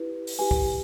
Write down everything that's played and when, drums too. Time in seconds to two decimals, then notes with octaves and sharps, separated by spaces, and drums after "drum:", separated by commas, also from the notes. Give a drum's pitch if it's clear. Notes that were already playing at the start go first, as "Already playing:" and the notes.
Already playing: E4 G4 B4
0.27 drum: open hi-hat
0.39 E4 G4 B4 G#5
0.51 drum: kick